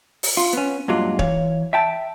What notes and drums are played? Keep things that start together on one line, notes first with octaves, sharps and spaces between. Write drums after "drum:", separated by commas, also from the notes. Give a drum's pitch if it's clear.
drum: open hi-hat
F4
B3 C#4
G2 A#2 F#3 G#3 F4
E3 C#5 F5, drum: kick D1
E5 G5 A5